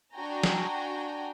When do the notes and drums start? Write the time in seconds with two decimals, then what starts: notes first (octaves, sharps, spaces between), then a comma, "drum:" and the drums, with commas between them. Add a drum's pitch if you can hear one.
0.15 D4 F#4 G5 G#5 A#5
0.43 drum: snare